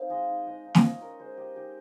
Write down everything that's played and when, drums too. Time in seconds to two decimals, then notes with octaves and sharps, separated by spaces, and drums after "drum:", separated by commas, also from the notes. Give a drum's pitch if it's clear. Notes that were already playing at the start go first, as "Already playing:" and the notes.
Already playing: C4 D#4 F5
0.10 G#3 D#5
0.29 D#4
0.46 G#3 D#5
0.65 D#4
0.75 D#5, drum: snare
0.83 F4 C#5
1.01 C#4 A#4
1.19 G#3 C5
1.37 G#3 G4
1.56 D#4 G4